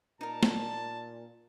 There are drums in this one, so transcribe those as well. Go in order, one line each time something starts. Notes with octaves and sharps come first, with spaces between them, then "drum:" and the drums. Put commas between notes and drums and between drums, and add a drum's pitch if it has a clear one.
A#2 D#4 A#4 A5
drum: snare